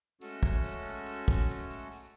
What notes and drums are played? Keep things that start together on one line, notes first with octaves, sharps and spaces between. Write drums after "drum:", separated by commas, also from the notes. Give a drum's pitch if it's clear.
G#3 A3 C#4 F#4 A4, drum: tambourine
drum: kick, tambourine
drum: tambourine
drum: tambourine
drum: tambourine
drum: kick, tambourine
drum: tambourine
drum: tambourine
drum: tambourine